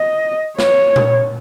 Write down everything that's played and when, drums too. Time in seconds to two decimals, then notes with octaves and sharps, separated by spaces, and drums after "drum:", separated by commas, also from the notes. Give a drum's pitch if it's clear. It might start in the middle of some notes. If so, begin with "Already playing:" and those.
Already playing: D#5
0.59 C#5, drum: snare
0.96 drum: tom A#2